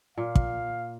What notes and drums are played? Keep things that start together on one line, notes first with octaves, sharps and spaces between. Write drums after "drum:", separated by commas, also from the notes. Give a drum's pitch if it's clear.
A#2 F5
drum: kick